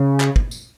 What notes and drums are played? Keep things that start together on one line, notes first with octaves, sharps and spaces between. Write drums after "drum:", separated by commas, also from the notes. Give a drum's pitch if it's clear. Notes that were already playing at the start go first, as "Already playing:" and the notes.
Already playing: C#3
drum: clap
drum: kick
drum: tambourine